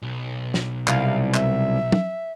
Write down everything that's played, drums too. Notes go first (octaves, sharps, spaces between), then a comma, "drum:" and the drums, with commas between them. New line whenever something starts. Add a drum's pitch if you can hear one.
B1
drum: snare
C2 F5, drum: clap
E5, drum: clap
drum: tom